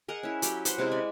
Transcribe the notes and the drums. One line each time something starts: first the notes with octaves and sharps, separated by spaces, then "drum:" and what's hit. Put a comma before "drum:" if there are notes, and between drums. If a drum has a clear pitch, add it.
G#4 A#4 D#5 F#5
C#4 E4
F#3 G4 B5, drum: hi-hat
B4 C5 F#5 C6, drum: hi-hat
C3 G#3 C#4 E4
B4 D5 G#5 B5